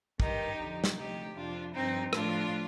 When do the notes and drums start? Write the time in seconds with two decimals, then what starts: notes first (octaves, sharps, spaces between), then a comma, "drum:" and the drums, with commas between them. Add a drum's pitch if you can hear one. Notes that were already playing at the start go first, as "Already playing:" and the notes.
0.20 G2 D#3 D#4 G4, drum: kick
0.58 F2 D3 F3
0.84 drum: snare
0.97 D2 C3 F3 D#4 G4
1.36 F2 C3 F3 D4 F4
1.74 G2 F3 C4 D#4
2.13 A2 F3 D4 F4, drum: rim click